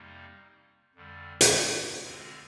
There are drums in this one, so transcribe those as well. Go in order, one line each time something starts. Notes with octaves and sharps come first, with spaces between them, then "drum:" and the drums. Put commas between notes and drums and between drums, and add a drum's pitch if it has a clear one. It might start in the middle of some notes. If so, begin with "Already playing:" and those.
Already playing: F2 C3 G3 A#3 D#4
F2 D3 G3
drum: hi-hat
D#2 D3 G#3 C4